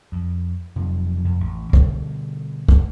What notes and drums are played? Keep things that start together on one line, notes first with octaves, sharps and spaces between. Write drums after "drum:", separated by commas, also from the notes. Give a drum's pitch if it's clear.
F2
F2 C3 F3 F#3
F2
A1
B2 D3 G3, drum: kick
drum: kick